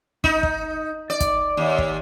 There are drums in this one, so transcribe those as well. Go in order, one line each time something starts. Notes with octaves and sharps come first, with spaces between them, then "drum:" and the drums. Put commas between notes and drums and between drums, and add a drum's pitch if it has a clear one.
D#4, drum: kick
drum: kick
D5
drum: kick, hi-hat
D#2
drum: kick